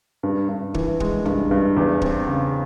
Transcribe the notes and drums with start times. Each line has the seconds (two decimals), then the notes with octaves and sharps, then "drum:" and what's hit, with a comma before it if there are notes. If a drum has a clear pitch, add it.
0.23 G2
0.49 G2
0.74 E3, drum: kick
1.00 G#3, drum: kick
1.25 G2, drum: tom A#1
1.51 G2
1.76 E2
2.02 C4, drum: kick
2.27 C#3